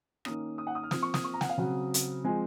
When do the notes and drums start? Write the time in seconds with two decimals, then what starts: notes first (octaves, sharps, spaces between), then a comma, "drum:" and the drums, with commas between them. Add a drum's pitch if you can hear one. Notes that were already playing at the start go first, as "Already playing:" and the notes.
0.25 D#3 A#3 C#4 D#6, drum: rim click
0.58 D#6
0.67 F#5
0.75 D#6
0.83 F6
0.91 F3 C4 D#6, drum: snare
1.02 C#6
1.14 D#6, drum: snare
1.24 C#6
1.34 A#5
1.41 F#5, drum: snare
1.49 F5
1.58 C#3 F#3 C4 F#5
1.94 drum: hi-hat
2.24 F3 G#3 C4 G#5